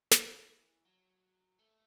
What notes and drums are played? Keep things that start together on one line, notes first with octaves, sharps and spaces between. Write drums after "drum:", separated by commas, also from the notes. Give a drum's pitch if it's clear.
E3, drum: snare
F#3
A3